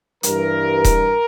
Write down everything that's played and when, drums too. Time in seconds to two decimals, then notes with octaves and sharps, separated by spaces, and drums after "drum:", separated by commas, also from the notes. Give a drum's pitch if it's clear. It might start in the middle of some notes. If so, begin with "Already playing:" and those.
0.23 G2 E3 G3 A#4, drum: hi-hat
0.84 drum: kick D#1, hi-hat